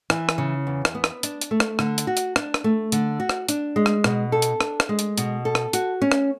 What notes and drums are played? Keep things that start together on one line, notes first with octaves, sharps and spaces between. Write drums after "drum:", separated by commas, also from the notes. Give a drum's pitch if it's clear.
E3, drum: rim click
drum: rim click
C#3
E2
drum: rim click
B3
drum: rim click
D4, drum: hi-hat
drum: hi-hat
A3
drum: rim click
D3, drum: rim click
drum: hi-hat
F#4
drum: hi-hat
D4, drum: rim click
drum: rim click
A3
D3, drum: hi-hat
F#4
drum: rim click
D4, drum: hi-hat
G#3
drum: rim click
B2, drum: rim click
A4
drum: hi-hat
D4, drum: rim click
drum: rim click
G#3
drum: hi-hat
B2, drum: hi-hat
A4
drum: rim click
F#4, drum: hi-hat
C#4
drum: rim click